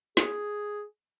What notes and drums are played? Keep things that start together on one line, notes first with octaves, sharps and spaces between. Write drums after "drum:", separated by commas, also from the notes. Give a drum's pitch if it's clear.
G#4, drum: snare